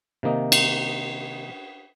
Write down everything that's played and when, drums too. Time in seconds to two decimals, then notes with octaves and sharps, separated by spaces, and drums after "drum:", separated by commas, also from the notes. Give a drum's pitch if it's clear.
0.23 C3 D#3 A#3 D#4
0.52 drum: cymbal